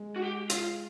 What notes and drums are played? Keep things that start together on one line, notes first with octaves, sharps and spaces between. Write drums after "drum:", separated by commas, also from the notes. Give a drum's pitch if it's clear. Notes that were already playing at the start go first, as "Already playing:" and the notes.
Already playing: G#3
F#4
G4
F4, drum: hi-hat